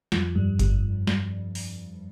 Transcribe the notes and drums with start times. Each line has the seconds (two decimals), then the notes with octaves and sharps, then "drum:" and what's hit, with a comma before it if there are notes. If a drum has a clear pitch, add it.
0.12 F2 F3, drum: snare
0.35 G2 G3
0.59 G2 G3, drum: kick G1, hi-hat
1.07 drum: snare
1.55 drum: open hi-hat